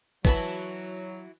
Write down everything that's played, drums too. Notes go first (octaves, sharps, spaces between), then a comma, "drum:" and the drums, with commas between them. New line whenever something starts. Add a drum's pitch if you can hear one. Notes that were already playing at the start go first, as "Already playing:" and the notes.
E3 F#3 E4 F#4 B4 E5 A5 B5, drum: kick